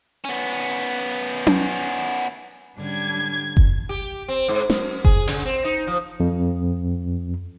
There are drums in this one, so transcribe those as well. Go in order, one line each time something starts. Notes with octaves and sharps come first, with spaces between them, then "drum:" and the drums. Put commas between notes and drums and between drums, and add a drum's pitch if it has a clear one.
B3 C#4
drum: tom C#4
G#2 D3 G3 C#4 D4 G#6
drum: kick F#1
G4
C4
G#2
F#2, drum: snare
G#4, drum: kick F#1
C#3, drum: open hi-hat
C4
D#4
F3
F2